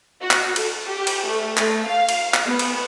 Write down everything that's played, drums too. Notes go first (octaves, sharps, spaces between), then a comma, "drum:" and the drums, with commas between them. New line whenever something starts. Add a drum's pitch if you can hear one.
F#4
drum: clap
A4, drum: cymbal
G4
drum: cymbal
A3
A3, drum: clap
F5
drum: cymbal
drum: clap
B3
drum: cymbal